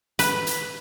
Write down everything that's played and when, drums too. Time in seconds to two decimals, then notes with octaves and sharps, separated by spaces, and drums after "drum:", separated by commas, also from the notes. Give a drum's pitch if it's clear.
0.19 B4, drum: hi-hat
0.47 drum: hi-hat